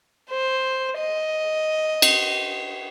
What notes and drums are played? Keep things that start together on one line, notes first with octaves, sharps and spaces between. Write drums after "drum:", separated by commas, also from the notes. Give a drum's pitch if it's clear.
C5
D#5
drum: cymbal